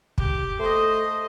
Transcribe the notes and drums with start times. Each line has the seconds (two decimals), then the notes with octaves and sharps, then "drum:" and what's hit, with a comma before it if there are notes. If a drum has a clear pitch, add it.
0.18 G4, drum: kick
0.59 A3 C5 D#5